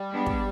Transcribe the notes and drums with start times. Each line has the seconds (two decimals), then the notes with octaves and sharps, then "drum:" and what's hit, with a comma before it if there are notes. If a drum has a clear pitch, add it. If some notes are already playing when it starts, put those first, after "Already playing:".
Already playing: G3
0.11 G#3 B3 D4
0.26 drum: kick